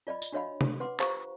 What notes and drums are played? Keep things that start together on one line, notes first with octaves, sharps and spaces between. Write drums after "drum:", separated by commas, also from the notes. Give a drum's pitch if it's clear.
F4 D5 D#5 B5
drum: tambourine
D4 F#4 C#5 D#5 F5 B5
drum: tom
B4 F#5 C6 D6
F4 G4 C5 F5 A#5 C#6, drum: clap